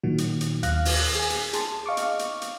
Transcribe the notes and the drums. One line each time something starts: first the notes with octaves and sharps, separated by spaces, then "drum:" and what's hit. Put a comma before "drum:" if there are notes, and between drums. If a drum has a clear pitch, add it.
A#2 D#3 F#3 F#4
drum: hi-hat
drum: hi-hat
D#2 F5 F#6 A#6, drum: hi-hat
drum: open hi-hat
G#4 G#5
drum: hi-hat
G#4 A5 C6, drum: hi-hat
D#5 F5 C#6 D6
drum: hi-hat
drum: hi-hat
drum: hi-hat